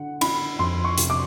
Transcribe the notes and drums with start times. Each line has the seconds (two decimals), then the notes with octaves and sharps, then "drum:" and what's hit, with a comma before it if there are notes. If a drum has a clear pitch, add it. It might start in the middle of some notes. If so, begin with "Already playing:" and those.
Already playing: D3 F#5
0.21 D3 B5, drum: cymbal
0.59 F2 C6
0.84 C#6
0.98 C3, drum: hi-hat
1.10 D6